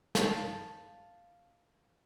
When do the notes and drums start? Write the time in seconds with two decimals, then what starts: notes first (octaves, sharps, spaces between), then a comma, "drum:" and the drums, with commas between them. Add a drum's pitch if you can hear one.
0.15 F5 A5, drum: snare